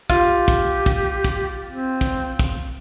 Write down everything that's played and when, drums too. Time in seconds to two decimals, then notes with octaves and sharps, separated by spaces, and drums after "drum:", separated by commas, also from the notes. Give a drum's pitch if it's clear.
0.10 F4 G4, drum: kick, hi-hat
0.48 drum: kick, hi-hat
0.86 drum: kick, hi-hat
1.24 drum: kick, hi-hat
1.68 C4
2.01 drum: kick, hi-hat
2.39 drum: kick, hi-hat